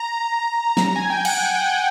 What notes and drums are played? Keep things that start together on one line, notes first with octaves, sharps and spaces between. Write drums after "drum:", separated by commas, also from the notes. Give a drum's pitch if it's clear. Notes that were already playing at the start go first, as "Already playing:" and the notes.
Already playing: A#5
drum: snare
G#5
G5
F#5, drum: cymbal
F#5
G5
F#5